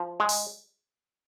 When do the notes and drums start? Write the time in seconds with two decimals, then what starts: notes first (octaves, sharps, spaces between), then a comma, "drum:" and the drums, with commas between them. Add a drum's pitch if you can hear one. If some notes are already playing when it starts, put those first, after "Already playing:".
Already playing: F3
0.20 G#3
0.29 drum: open hi-hat